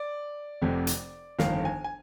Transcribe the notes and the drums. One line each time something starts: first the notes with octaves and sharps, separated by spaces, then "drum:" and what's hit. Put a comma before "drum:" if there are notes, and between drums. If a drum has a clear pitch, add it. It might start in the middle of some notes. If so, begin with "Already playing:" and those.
Already playing: D5
F1 F2 C3
drum: hi-hat
G1 F2 D#3 F5, drum: snare
G#5
G#5